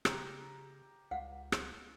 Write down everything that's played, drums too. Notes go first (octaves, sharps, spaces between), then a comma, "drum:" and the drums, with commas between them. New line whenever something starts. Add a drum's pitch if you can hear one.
C#3 G4 A#5, drum: rim click
C#2 F5 F#5
drum: rim click